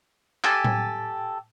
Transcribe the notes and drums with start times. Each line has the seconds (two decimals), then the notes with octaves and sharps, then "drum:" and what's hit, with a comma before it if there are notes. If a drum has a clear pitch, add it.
0.44 G4 A4 G#5 A5, drum: clap
0.64 drum: tom A2